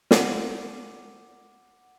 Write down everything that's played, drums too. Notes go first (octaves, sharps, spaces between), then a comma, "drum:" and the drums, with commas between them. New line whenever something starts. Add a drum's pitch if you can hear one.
F#5 D6 D#7, drum: snare